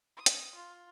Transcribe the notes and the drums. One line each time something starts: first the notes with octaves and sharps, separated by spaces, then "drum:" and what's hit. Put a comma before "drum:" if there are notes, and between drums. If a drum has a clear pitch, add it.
D#6
drum: hi-hat
F4